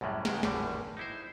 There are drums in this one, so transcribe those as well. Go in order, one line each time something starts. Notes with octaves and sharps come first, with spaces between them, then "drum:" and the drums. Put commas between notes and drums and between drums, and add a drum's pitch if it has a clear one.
C2 F#2 A2 G3 G#3
C#2 G#2 D#3 G#3 G5, drum: snare
G#1 E2 A2 D3 G3, drum: snare
D#4 E4 C5